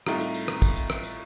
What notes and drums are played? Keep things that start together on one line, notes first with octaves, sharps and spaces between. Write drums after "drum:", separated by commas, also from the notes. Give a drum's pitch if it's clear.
C2 A2 D#4 F4 A#5, drum: rim click
drum: tambourine
drum: tambourine
drum: rim click
drum: kick, tambourine
drum: tambourine
drum: rim click
drum: tambourine